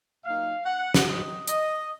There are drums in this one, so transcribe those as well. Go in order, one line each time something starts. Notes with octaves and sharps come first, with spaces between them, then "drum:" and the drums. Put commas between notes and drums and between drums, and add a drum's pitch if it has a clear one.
A#2 F#3 A#3 D#4 F5
F#5
drum: snare
F#2 D#3 F#3 C4 D#4 D#5
D#5, drum: hi-hat